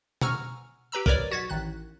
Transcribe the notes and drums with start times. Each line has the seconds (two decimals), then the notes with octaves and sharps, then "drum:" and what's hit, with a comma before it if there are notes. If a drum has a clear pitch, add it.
0.21 F#5 G#5 A#5 C#6 E6 F6, drum: tom B2
0.92 G4 B4 A#5 E6
1.06 A#4 B4 C#5 D5, drum: kick
1.31 B1 F#4 G#6 A6 B6
1.49 A1 D#3 F#6